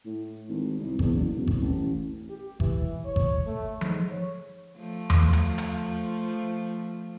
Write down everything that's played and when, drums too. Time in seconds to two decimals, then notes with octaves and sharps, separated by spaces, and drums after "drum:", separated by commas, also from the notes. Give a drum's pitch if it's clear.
0.06 A2
0.49 G#1
0.79 C2
0.99 E2, drum: kick G#1
1.13 F#1
1.34 E1
1.47 C2, drum: kick G#1
1.62 A1
2.29 G4
2.60 E3, drum: kick G#1
3.05 C#5
3.16 drum: kick G#1
3.46 A3
3.81 G#2, drum: tom F3
4.10 C#5
4.78 F3 A3
5.10 drum: tom E2
5.33 drum: hi-hat
5.58 drum: hi-hat